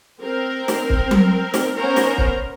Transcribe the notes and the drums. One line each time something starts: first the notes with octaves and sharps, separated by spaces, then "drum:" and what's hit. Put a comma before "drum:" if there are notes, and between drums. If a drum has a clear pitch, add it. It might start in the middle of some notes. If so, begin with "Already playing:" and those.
C4 A#4
drum: snare
drum: kick
drum: tom F#3
drum: snare
B3 C#4 A#4 C5 A#5
drum: snare
drum: kick